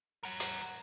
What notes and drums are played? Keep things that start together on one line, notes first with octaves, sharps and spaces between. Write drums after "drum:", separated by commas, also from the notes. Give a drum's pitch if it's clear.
A#4 F#5
drum: hi-hat